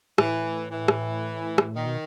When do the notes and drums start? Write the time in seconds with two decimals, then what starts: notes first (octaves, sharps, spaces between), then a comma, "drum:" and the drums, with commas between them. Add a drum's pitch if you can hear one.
0.18 A2 E3, drum: rim click
0.71 E3
0.88 drum: rim click
1.58 drum: rim click
1.75 A#2 D#3
1.86 B2